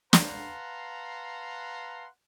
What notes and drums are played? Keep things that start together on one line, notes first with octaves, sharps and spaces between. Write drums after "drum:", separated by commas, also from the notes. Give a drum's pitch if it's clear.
B4 F5 F#5 A5 A#5 C6, drum: snare